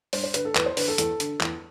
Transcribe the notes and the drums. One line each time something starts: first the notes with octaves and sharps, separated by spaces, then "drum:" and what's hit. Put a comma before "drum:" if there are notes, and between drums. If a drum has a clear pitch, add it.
G2 C5, drum: open hi-hat
C5
D3 B4, drum: hi-hat
A4
E2 B4, drum: clap
C5
D3 B4, drum: open hi-hat
A4
E2 A4, drum: hi-hat
D3, drum: hi-hat
E2, drum: clap